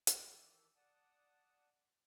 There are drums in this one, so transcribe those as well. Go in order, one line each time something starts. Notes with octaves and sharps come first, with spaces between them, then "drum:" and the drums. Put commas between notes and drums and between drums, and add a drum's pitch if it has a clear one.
D#3 E3 G4 A4, drum: hi-hat
D5 F#5 A5 D#6